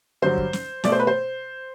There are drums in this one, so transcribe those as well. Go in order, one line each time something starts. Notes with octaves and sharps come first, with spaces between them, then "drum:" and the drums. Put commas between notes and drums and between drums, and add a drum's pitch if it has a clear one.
G2 D3 F#3 C5
drum: kick
drum: snare
B2 A3 D5, drum: snare
C5
B4
C5